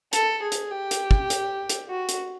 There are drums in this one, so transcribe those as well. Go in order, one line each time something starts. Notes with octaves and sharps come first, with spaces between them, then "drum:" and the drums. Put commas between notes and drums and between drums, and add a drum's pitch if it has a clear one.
A4, drum: hi-hat
G#4
drum: hi-hat
G4
drum: hi-hat
drum: kick
drum: hi-hat
drum: hi-hat
F#4
drum: hi-hat